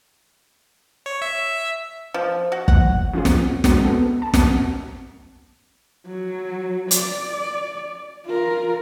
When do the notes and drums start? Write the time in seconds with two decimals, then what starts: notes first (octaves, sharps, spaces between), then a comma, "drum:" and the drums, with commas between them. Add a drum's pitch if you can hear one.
1.06 C#5
1.22 E5
2.14 F3
2.52 F#4
2.68 F#5, drum: kick
3.14 F3 C#4 F4 G#4
3.25 drum: snare
3.64 G#3 C4 D4 F#4, drum: snare
3.85 B3 A4
4.22 A5
4.34 drum: snare
6.07 F#3
6.91 D5, drum: hi-hat
8.26 F4 A#4